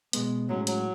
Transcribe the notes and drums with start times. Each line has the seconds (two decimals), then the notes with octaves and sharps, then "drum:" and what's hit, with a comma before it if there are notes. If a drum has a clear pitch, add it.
0.13 B2 G#3 B3, drum: hi-hat
0.48 A2 F#3 G#3 C#4
0.67 F#3, drum: hi-hat